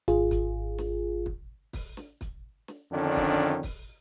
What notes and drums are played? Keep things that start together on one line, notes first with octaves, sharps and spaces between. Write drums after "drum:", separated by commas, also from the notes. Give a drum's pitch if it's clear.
G#1 F4 G#4, drum: snare
drum: kick, hi-hat
drum: snare
drum: kick
drum: kick, open hi-hat
drum: snare
drum: kick, hi-hat
drum: snare
F2 D3 D#3 C#4 D4
drum: kick, hi-hat
drum: kick, open hi-hat